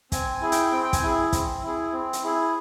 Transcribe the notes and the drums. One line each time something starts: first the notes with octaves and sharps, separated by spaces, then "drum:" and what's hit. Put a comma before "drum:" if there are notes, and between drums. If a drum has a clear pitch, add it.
C4 G#5, drum: kick, hi-hat
G#5
E4 G#4
G5, drum: hi-hat
C4 G5
G5
G#5, drum: kick, hi-hat
E4 G#4
C4, drum: kick, hi-hat
E4 G#4
C4
drum: hi-hat
E4 G#4